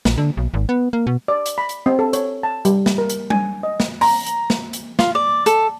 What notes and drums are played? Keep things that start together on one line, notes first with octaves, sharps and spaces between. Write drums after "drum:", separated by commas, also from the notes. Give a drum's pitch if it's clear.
A#1, drum: snare
D3
B1
G#1
B3
A#3
B2
D5
drum: hi-hat
B5
drum: hi-hat
C4
A4
C#5, drum: hi-hat
A5
G3, drum: hi-hat
drum: snare
A#4
drum: hi-hat
G#5, drum: tom G3
D#5
drum: snare
A#5, drum: open hi-hat
drum: hi-hat
drum: snare
drum: hi-hat
F4, drum: snare
D5
A4, drum: hi-hat